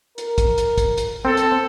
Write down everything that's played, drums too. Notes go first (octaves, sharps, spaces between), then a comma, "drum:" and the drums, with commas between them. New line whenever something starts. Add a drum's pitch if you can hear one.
A#4, drum: hi-hat
drum: kick, hi-hat
drum: hi-hat
drum: kick, hi-hat
drum: hi-hat
C4 A4
drum: hi-hat